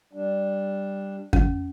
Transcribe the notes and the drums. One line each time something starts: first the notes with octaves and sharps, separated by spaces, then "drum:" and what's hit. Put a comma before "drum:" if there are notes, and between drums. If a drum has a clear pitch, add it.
G3 D4
C#4, drum: kick F2